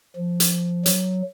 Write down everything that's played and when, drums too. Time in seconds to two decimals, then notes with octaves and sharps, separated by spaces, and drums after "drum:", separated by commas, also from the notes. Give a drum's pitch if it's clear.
0.17 F3
0.40 drum: hi-hat
0.86 F#3, drum: hi-hat